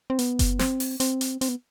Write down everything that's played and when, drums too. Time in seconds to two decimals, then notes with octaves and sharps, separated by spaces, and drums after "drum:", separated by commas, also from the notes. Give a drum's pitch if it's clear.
0.10 C4
0.19 B3, drum: hi-hat
0.39 drum: kick F#1, hi-hat
0.59 C4, drum: snare
0.80 drum: open hi-hat
1.00 C4, drum: hi-hat
1.21 drum: hi-hat
1.41 C4, drum: hi-hat
1.49 B3